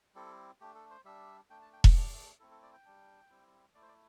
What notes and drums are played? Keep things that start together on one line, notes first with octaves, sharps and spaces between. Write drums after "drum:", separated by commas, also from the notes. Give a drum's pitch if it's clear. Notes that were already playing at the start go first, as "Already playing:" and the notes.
G3 C4 E4 A4
A3 D4 G4
A4
C5
G3 D4 E5
A3 D4 G5
A5
G5
drum: kick E1
A3 D4 D5
A3 C4 E4 A4
A4
D5
G5
G3 D4
G3 C4 E4
A3 E4 D5
C5
D5